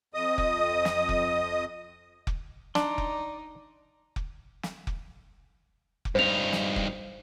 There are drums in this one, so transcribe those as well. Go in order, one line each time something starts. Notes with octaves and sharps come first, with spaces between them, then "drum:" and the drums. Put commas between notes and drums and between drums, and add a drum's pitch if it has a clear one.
F2 D#5 D#6
drum: kick F1
drum: snare
drum: kick F1
drum: kick F1
D4 D#4 D5 C6, drum: snare
drum: kick F1
drum: kick F1
drum: snare
drum: kick F1
drum: kick F1
G2 D#4 C5 F7
drum: snare
drum: kick F1